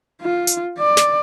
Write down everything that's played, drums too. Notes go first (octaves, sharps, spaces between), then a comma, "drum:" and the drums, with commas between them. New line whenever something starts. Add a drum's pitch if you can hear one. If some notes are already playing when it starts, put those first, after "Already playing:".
F4
drum: hi-hat
D5
drum: snare